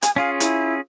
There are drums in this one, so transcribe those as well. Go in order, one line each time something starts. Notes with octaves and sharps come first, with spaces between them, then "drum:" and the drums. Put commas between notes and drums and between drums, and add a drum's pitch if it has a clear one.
G#5, drum: hi-hat
C#4 F4 G#4 F5
E4, drum: hi-hat